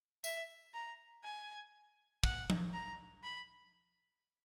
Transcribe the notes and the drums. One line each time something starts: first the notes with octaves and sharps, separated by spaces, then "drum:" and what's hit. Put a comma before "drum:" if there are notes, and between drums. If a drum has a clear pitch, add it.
E5, drum: tambourine
A#5
G#5
F#5, drum: kick
drum: tom F3
A#5
B5